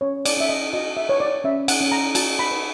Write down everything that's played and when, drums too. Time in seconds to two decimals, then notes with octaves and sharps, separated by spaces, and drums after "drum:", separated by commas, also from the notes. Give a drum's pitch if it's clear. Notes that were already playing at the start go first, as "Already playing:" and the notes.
0.01 C#4 C#5
0.25 D5, drum: cymbal
0.37 C#4 E5
0.49 D#5
0.73 F#4 D#5
0.97 E5
1.09 B4 C#5
1.20 D5
1.44 C#4 E5
1.68 F#5, drum: cymbal
1.80 C#4
1.92 A#5
2.15 F#4 A5, drum: cymbal
2.39 B5
2.51 B4